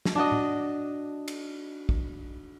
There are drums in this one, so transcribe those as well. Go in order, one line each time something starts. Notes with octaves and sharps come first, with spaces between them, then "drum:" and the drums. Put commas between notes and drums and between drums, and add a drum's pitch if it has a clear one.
drum: snare
D4 F#4 D#5
drum: tom A2
drum: cymbal
drum: kick